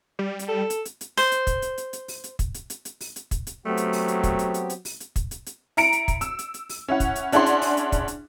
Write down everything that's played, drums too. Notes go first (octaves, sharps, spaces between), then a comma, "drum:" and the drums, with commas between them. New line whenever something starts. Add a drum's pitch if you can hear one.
G3
drum: hi-hat
A4
drum: hi-hat
drum: hi-hat
drum: hi-hat
C5, drum: open hi-hat
drum: hi-hat
drum: kick, hi-hat
drum: hi-hat
drum: hi-hat
drum: hi-hat
drum: open hi-hat
drum: hi-hat
drum: kick, hi-hat
drum: hi-hat
drum: hi-hat
drum: hi-hat
drum: open hi-hat
drum: hi-hat
drum: kick, hi-hat
drum: hi-hat
F#3 A3 B3 C4 G4
drum: hi-hat
drum: open hi-hat
drum: hi-hat
drum: kick, hi-hat
drum: hi-hat
drum: hi-hat
drum: hi-hat
drum: open hi-hat
drum: hi-hat
drum: kick, hi-hat
drum: hi-hat
drum: hi-hat
E4 A#5 C#7 D7, drum: open hi-hat
drum: hi-hat
drum: kick, hi-hat
E6, drum: hi-hat
drum: hi-hat
drum: hi-hat
drum: open hi-hat
C#4 E4 F#5
drum: kick, hi-hat
drum: hi-hat
C#4 D4 E4 G#4 F#5 C6, drum: hi-hat
drum: hi-hat
drum: open hi-hat
drum: hi-hat
drum: kick, hi-hat
drum: hi-hat